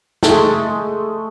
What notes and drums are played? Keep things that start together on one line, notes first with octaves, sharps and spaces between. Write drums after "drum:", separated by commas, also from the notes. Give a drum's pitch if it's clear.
G#3 A3 G#4 A4, drum: snare